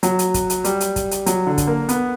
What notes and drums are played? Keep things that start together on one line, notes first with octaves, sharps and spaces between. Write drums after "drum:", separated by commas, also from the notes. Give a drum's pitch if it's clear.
F#3, drum: hi-hat
drum: hi-hat
drum: kick, hi-hat
drum: hi-hat
G3, drum: hi-hat
drum: hi-hat
drum: kick, hi-hat
drum: hi-hat
F#3, drum: hi-hat
D3
drum: kick, hi-hat
A#3
B3, drum: hi-hat